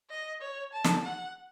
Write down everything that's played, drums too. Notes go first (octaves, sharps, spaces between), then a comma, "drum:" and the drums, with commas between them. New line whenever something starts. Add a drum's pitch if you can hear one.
D#5
C#5
A5
drum: snare
F#5